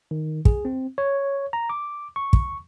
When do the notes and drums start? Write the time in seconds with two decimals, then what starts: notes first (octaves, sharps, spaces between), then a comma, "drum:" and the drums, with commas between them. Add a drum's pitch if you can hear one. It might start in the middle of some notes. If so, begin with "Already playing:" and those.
0.11 D#3
0.45 G#4, drum: kick
0.65 C4
0.98 C#5
1.53 A#5
1.70 D6
2.16 C#6
2.33 drum: kick